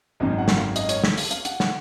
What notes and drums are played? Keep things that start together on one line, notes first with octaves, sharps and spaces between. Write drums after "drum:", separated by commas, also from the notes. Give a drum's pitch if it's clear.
G#1 F#2 D#3 D#5
F#5
drum: snare
F5
D#5, drum: hi-hat
C#5, drum: hi-hat
drum: snare
F5, drum: open hi-hat
F5, drum: hi-hat
F#5, drum: hi-hat
F#5, drum: snare